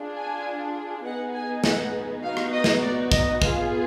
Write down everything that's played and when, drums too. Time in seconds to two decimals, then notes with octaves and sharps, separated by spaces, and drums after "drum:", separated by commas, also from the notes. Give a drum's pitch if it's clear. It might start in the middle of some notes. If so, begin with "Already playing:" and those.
Already playing: D4 F4 G#4
0.16 G#5
1.05 B3 D#4 G#4 F#5
1.34 G#5
1.64 F#5, drum: snare
2.23 B3 D#4 F#4 F5
2.37 drum: rim click
2.53 D#5
2.64 drum: snare
2.82 D5
3.12 D#5, drum: kick
3.42 B3 F4 G#4 F5, drum: kick